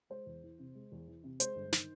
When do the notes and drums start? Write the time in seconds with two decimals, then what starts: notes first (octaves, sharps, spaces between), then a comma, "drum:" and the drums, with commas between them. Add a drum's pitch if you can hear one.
0.10 G#3 C5
0.26 E2
0.43 E3
0.59 C3
0.75 G#3
0.92 E2
1.08 E3
1.24 C3
1.40 G#3 C5, drum: hi-hat
1.56 G1
1.73 D#3, drum: snare